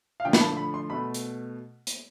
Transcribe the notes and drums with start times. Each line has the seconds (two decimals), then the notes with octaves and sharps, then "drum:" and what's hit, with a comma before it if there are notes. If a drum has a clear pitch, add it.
0.20 F5
0.25 D3 F3 A3 G5
0.33 B5, drum: snare
0.41 A5
0.57 B5
0.74 C6
0.90 B2 A3 B5
1.14 drum: hi-hat
1.87 drum: hi-hat